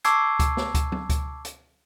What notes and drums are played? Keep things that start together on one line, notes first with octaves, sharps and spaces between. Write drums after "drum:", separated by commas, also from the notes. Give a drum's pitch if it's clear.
A5 C#6 D6 E6 G#6 C7, drum: hi-hat
drum: kick C#2, hi-hat
drum: snare
drum: kick C#2, hi-hat
drum: tom
drum: kick C#2, hi-hat
drum: hi-hat